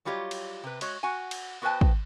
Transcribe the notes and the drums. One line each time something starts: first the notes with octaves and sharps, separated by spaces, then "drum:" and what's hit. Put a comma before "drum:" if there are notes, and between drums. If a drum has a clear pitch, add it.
F#3 G3 F4 G4 C#5 D#5
drum: cymbal
C3 B4
G#3 F#4 C#5, drum: cymbal
F#4 F#5 G#5
drum: cymbal
B3 F#4 B4 C5 G5 A5
drum: kick